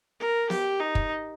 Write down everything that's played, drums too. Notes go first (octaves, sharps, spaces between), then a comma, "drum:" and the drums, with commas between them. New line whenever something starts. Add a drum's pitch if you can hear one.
A#4
G4, drum: snare
D#4
drum: kick